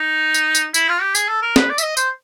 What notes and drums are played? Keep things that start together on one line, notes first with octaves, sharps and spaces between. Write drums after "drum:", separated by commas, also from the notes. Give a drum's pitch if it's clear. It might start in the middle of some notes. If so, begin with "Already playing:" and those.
Already playing: D#4
drum: tambourine
drum: tambourine
E4, drum: tambourine
F4
G4
G#4, drum: tambourine
A4
A#4
B4, drum: snare
D5
E5, drum: tambourine
D#5
C5, drum: tambourine